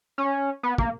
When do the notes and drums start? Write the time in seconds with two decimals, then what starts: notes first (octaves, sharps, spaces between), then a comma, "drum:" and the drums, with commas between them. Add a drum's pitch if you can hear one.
0.18 C#4
0.63 B3
0.78 A#3, drum: kick